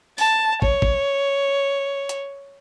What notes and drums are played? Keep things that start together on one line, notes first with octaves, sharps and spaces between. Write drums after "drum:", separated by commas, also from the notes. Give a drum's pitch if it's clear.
A5, drum: open hi-hat
C#5, drum: kick
drum: kick
drum: hi-hat